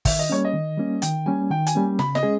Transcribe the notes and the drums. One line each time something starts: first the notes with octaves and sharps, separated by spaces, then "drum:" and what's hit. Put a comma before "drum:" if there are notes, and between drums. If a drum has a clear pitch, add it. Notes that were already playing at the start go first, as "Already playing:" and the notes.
D#3 E5, drum: kick, open hi-hat
D#5
G3 A#3 C#4 C#5
D#5
D#3
G3 A#3 C#4
D#3 G5, drum: hi-hat
G3 A#3 C#4 G#5
D#3 G5
G#5, drum: hi-hat
G3 A#3 C#4
C#3 B5, drum: snare
D#5, drum: snare
G#3 C#4 G#4